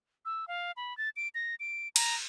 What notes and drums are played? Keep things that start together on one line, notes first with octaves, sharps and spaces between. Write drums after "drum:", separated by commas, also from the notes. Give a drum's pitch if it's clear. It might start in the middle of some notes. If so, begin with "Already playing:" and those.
E6
F5
B5
A6
D7
A#6
D7
A#5, drum: cymbal